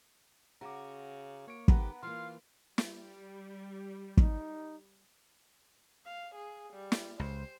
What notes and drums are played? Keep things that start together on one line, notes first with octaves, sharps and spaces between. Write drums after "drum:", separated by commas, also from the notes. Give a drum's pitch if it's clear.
C#3 F#4 A#5 D6
A#3 C#5 D7
F2 D#3 B3 G4 F#5 A#5 B5, drum: kick
E3 A#3 F4 F5 C6
G3, drum: snare
D#4, drum: kick
F5
G#4
G3
drum: snare
C#2 C5